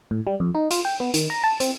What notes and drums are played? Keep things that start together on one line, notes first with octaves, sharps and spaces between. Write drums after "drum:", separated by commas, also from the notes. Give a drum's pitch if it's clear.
A2
G3
F2
D#4
F4, drum: hi-hat
G5
B3
D#3, drum: hi-hat
A#5
A5
C4, drum: hi-hat